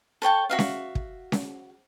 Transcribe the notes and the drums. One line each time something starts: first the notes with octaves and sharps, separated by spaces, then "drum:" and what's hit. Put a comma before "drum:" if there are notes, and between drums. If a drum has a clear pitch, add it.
A4 C#5 G5 A5
F#4 E5 F5
drum: snare C#4
drum: kick
drum: snare C#4